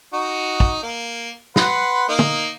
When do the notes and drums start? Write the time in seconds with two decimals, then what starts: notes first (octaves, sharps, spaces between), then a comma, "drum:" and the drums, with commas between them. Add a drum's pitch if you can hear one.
0.13 D#4 F#4
0.60 drum: kick
0.83 A#3
1.56 B4 F#5 C6, drum: snare
2.09 A#3 D#4
2.19 drum: tom